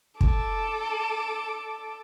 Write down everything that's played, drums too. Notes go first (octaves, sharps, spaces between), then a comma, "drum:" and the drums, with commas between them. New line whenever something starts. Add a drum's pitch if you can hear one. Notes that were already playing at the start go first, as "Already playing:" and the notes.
A4 D6, drum: kick